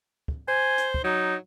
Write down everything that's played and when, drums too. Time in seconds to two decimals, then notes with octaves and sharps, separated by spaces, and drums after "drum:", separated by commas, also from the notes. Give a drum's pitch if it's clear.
0.28 drum: kick
0.48 C5 G#5
0.78 drum: hi-hat
0.94 drum: kick
1.04 F#3 D#4